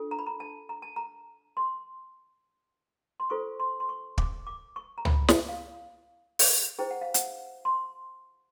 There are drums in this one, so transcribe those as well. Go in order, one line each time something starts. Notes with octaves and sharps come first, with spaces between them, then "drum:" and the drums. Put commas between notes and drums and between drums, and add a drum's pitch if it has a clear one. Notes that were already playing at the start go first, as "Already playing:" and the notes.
Already playing: D4 F4 A4
A#5
B5
A#5
A5
A#5
A5
A#5
C6
C6
F4 A4 C5 C#6
C6
C6
C#6
D6, drum: kick
D6
C#6
A#5
B5, drum: tom C#2
drum: snare
F5
drum: open hi-hat
E4 G#4 C5 G5
F#5
F5
F#5, drum: hi-hat
C6